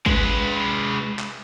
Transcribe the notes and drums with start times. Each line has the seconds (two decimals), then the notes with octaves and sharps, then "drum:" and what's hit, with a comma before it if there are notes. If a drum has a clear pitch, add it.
0.06 G#3 B4, drum: kick
1.19 drum: clap